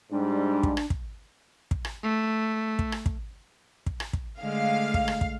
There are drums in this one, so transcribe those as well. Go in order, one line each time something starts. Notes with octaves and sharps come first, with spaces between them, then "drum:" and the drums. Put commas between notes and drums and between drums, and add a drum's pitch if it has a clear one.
G#2 G3 D4
drum: kick
drum: rim click
drum: kick
drum: kick
drum: rim click
A3
drum: kick
drum: rim click
drum: kick
drum: kick
drum: rim click
drum: kick
D3 G#3 A3 F5
drum: kick
drum: rim click
drum: kick